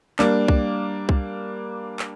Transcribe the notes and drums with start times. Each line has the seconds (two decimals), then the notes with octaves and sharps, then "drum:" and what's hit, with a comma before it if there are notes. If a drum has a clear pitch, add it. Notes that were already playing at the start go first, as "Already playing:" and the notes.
0.19 G3 A#3 D4, drum: clap
0.48 drum: kick C2
1.09 drum: kick C2
1.99 drum: clap